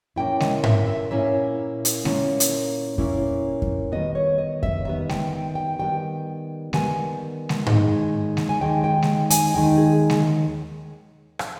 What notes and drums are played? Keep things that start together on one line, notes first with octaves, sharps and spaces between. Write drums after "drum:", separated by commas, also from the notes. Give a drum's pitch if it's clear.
A#2 A#3 C#4 E4 G5
D#5, drum: snare G#3
E5, drum: tom G#2
E5
A#2 A#3 C#4 E4 E5
drum: hi-hat
A#2 A#3 C#4 E4, drum: snare G#3
drum: hi-hat
A#2 A#3 C#4 E4, drum: kick F2
drum: kick F2
D#3 G3 B3 D#5
C#5
D#5
E5, drum: kick F2
D#3 G3 B3 E5
G5, drum: snare G#3
G5
G5
D#3 G3 B3 G5
D#3 G3 B3 G#5, drum: snare G#3
drum: snare G#3
D#2 D#3 G#3 D#4, drum: tom G#2
drum: snare G#3
G#5
D#2 D#3 G#3 D#4 G5
G5
drum: snare G#3
G#5, drum: hi-hat
D#2 D#3 G#3 D#4 G5
G#4
drum: snare G#3
drum: rim click